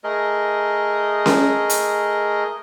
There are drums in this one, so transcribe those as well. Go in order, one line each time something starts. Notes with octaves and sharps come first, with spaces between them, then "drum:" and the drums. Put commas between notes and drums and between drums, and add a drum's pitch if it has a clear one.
A3 G#4 A#4 D#5
drum: snare C#4
drum: hi-hat